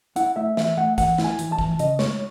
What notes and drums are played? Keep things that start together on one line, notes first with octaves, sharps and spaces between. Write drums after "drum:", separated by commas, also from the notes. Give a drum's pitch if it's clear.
E4 F#5, drum: hi-hat
A3 E5
E3 E5, drum: snare
A3 F#5
E3 F#5, drum: kick, hi-hat
E4, drum: snare
G#5
E3, drum: hi-hat
A5
E3, drum: kick
C#3 D#5, drum: hi-hat
G#3 C#5, drum: snare